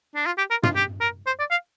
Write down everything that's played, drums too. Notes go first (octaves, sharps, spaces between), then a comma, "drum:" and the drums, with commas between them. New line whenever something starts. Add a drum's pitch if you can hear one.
D4
F4
G4
A#4
F4, drum: tom
G4
A#4
C5
D5
F5